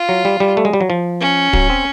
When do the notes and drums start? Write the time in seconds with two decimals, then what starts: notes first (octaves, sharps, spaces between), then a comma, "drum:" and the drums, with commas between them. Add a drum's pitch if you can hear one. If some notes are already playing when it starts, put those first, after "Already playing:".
Already playing: F4
0.09 F#3
0.25 G3
0.40 G3
0.57 A3
0.65 G#3
0.73 G3
0.81 F#3
0.90 F3
1.21 C#4
1.53 F#3, drum: kick
1.70 C4